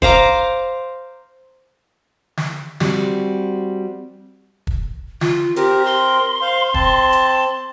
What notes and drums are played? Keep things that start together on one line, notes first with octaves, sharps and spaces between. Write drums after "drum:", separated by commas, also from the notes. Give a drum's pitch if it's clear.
C5 F5 A#5 D6, drum: kick
drum: snare
G3 C4 F#4, drum: snare
drum: kick
F4, drum: snare
C4 G4 A#4, drum: hi-hat
C6
C5 F5
C4 A5, drum: kick
drum: hi-hat